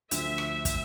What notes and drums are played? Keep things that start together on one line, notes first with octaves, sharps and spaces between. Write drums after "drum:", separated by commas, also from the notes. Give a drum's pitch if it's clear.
D2 D3 F3 E5, drum: hi-hat
drum: rim click
drum: kick, hi-hat